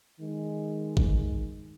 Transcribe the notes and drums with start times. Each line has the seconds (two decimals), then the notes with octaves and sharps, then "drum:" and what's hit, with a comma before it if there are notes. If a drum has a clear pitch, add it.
0.20 D#3 G#3
0.97 drum: kick G#1